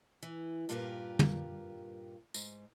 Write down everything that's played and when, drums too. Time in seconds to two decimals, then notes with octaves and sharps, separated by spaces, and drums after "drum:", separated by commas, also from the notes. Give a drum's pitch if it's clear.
0.23 E3
0.69 G2 A#2 F4 G4 A#4 B4
1.19 drum: tom
2.34 G#2, drum: tambourine